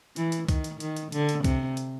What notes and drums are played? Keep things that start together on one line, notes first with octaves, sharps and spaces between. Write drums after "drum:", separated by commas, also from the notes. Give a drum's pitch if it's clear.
E3, drum: hi-hat
drum: hi-hat
D#3, drum: kick C2, hi-hat
drum: hi-hat
D#3, drum: hi-hat
drum: hi-hat
D3, drum: hi-hat
drum: hi-hat
C3, drum: kick C2, hi-hat
drum: hi-hat